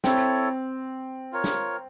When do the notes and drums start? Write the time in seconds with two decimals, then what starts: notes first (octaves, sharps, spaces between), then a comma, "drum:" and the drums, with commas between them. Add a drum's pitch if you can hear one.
0.04 C4 E4 A4 C#5, drum: snare
1.32 F4 A#4 C#5
1.44 drum: snare